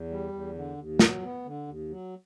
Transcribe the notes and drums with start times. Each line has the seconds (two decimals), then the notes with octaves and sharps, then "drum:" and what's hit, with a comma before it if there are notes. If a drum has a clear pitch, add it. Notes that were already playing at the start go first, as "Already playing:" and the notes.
Already playing: E2
0.10 G3
0.32 E2
0.55 D3
0.77 D#2
0.99 F#3, drum: snare
1.22 B3
1.45 D3
1.67 D#2
1.90 F#3